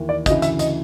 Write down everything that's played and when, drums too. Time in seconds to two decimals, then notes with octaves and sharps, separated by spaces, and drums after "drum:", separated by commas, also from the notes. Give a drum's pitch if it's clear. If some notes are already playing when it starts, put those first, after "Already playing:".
Already playing: D#2 E3
0.09 D5
0.26 D2 C#3 E3 D#5, drum: kick, hi-hat
0.42 E5, drum: hi-hat
0.59 D#5, drum: hi-hat